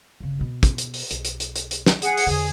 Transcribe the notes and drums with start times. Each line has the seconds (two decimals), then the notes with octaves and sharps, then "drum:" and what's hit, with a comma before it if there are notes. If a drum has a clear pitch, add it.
0.20 G1 C#3
0.39 B2 B3
0.63 drum: kick, hi-hat
0.78 drum: hi-hat
0.94 drum: open hi-hat
1.11 B1, drum: hi-hat
1.25 drum: hi-hat
1.40 drum: hi-hat
1.56 drum: hi-hat
1.71 drum: hi-hat
1.86 drum: snare
2.02 G#4 F#5, drum: hi-hat
2.17 drum: open hi-hat
2.27 E2 D3 G#4